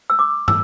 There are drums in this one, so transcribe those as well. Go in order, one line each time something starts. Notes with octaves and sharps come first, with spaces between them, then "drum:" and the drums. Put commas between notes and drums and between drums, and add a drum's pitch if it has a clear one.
E6
D6
E6, drum: tom